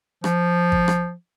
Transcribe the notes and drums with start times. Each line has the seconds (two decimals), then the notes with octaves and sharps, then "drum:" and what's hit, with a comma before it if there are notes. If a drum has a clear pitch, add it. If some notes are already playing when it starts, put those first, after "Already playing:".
0.24 F3, drum: rim click
0.72 drum: kick G#1
0.88 drum: rim click